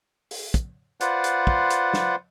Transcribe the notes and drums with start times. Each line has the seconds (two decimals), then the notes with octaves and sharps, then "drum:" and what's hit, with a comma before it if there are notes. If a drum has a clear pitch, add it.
0.31 drum: open hi-hat
0.54 drum: kick, hi-hat
1.01 F4 B4 C5 D5 F#5, drum: hi-hat
1.24 drum: hi-hat
1.47 drum: kick
1.70 drum: hi-hat
1.93 drum: snare